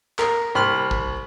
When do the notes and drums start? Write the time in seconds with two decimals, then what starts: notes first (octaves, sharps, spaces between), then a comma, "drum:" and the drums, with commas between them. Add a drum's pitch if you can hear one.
0.19 A#4, drum: clap
0.55 C2 B5 C6 F6
0.91 drum: kick